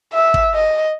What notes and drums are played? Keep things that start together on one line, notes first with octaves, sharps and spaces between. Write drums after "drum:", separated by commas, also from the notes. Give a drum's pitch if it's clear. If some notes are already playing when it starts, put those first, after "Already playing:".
E5
drum: kick
D#5